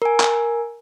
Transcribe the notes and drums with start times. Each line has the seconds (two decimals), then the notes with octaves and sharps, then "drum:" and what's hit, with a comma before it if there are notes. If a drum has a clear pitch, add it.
0.02 A#4 G#5
0.20 drum: clap